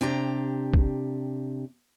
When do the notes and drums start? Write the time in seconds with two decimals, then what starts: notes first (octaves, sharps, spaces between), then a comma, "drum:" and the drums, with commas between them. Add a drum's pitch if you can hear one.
0.01 C3 D4 G4 A#5
0.74 drum: kick